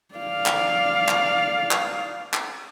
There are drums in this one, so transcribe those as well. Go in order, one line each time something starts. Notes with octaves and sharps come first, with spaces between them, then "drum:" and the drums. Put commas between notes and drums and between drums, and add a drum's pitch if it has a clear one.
D5 F5
drum: clap
drum: clap
drum: clap
drum: clap